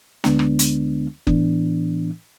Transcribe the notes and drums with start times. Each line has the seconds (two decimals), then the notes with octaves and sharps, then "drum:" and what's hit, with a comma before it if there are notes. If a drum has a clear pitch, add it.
0.24 D2 D3 G#3 B3 D4, drum: snare
0.39 drum: rim click
0.59 drum: hi-hat
1.27 A2 E3 B3 D4, drum: kick F#1